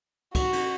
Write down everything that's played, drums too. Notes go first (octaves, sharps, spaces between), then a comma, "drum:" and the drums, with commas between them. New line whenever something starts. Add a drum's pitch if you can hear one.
F#4, drum: kick, cymbal
drum: cymbal